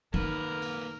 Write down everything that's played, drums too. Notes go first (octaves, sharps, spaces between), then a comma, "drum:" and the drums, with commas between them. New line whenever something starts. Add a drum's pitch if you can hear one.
D#3 A#3 D#4 A#4 B4, drum: kick
drum: tambourine